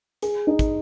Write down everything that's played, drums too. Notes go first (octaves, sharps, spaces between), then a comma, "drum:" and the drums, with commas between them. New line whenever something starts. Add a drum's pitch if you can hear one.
G#4, drum: hi-hat
D#4
drum: kick, hi-hat